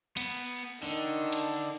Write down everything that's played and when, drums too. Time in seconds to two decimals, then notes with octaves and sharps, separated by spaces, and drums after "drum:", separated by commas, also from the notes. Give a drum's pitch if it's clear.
0.17 B3, drum: cymbal
0.83 D3 D#3
1.32 drum: cymbal